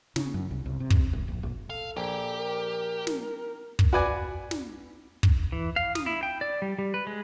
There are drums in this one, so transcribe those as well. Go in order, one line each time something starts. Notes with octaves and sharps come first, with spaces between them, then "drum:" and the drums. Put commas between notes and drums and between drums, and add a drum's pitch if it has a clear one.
C#3, drum: snare
F#2
C2
C2
C3
drum: kick
E1
A#1
A#1
A4 F5
A#1 G4
A#4
drum: snare
drum: kick
F#4 B4 D5 G#5
drum: snare
drum: kick
E3
F5
D#6, drum: snare
E4
G5
D5
G3
G3
B4
G#3